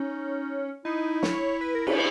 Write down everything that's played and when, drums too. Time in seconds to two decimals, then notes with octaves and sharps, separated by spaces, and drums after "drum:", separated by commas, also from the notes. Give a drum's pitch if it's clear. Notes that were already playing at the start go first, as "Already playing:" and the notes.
Already playing: C#4 D#4
0.85 D#4 E4
1.23 C#5, drum: snare
1.61 B4
1.75 A#4
1.87 B4, drum: cymbal